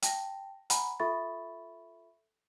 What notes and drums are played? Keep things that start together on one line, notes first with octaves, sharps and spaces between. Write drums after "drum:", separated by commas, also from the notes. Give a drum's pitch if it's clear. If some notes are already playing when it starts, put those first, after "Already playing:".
G5 A5 A#6, drum: hi-hat
F#5 G#5 A#5 B5, drum: hi-hat
F4 A4 E5 B5 C#6 A6